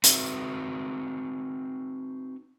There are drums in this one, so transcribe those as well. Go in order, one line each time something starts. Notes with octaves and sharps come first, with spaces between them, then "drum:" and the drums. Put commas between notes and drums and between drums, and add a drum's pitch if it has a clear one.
C4 D#4 F#4 B4 E5, drum: hi-hat